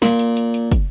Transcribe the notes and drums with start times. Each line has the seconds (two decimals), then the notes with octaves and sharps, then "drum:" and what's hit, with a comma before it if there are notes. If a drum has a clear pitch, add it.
0.02 A#2, drum: snare
0.19 drum: hi-hat
0.37 drum: hi-hat
0.54 drum: hi-hat
0.72 drum: kick, hi-hat